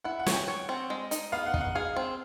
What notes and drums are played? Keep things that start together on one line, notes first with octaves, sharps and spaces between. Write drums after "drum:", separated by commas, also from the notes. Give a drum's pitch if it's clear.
E4 F#5
F#5
C#5, drum: snare
G5
C#5
C4
G#3
D#4, drum: hi-hat
B3 F5
F#5
D#4, drum: kick
F#5
G#4 F5
C4